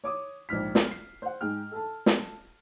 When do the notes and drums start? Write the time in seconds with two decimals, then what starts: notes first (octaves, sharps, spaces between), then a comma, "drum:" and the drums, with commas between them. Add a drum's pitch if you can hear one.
0.04 C#5 D6 D#6
0.49 A#1 G#2 F6 B6
0.75 drum: snare
0.91 C7
1.22 C5 F#5
1.41 G#2 G#4 G5 F6
1.72 A4 A5
2.06 drum: snare